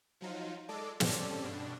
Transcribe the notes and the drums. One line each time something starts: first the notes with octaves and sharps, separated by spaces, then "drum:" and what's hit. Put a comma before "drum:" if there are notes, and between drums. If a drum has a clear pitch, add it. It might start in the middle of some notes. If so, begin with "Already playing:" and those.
F3 F#3 D#4 F4
G#3 A4 D5 D6
G3 C4 C#4 A4 D5, drum: snare
G2 B2 D4